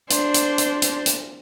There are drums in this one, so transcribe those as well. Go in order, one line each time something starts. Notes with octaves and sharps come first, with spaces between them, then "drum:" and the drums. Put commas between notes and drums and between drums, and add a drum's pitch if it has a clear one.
D4 C5, drum: hi-hat
drum: hi-hat
drum: hi-hat
drum: hi-hat
drum: hi-hat